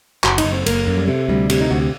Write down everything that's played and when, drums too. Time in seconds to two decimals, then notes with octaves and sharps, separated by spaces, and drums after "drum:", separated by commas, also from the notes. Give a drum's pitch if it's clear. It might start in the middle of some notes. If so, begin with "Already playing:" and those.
0.24 F#1 F#4, drum: clap
0.38 D#4, drum: cymbal
0.44 F#1
0.52 C4
0.66 F#1 A#3, drum: cymbal
0.87 F#2
0.97 G3
1.08 C3 A3
1.28 D2 G3
1.50 C3 G3, drum: cymbal
1.61 D#4
1.71 D2 F#4
1.82 G4